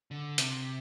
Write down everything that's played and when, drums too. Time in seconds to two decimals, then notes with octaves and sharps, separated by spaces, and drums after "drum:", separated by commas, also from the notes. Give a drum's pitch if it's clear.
0.11 D3
0.38 C3, drum: hi-hat